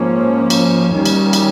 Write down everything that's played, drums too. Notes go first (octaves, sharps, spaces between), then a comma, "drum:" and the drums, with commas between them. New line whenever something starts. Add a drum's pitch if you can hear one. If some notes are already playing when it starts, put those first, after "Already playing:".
Already playing: G#2 F3 A#3 C#4
drum: cymbal
D#2 D#3 G3 C#4
drum: cymbal
drum: cymbal